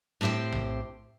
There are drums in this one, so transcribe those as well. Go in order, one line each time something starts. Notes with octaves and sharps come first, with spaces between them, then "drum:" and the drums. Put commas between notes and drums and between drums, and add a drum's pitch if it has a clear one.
A2 C4 G4 C5 G5
drum: tom A#1